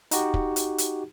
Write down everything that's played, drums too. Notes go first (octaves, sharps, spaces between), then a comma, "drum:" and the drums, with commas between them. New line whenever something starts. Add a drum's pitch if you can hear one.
D#4 F#4 G4, drum: hi-hat
drum: kick
drum: hi-hat
drum: hi-hat